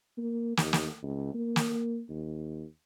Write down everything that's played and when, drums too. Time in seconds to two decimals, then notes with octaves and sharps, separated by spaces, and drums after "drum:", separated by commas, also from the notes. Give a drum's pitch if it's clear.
0.18 A#3
0.57 D#2, drum: snare
0.73 drum: snare
1.02 C#2
1.34 A#3
1.56 drum: snare
2.09 D#2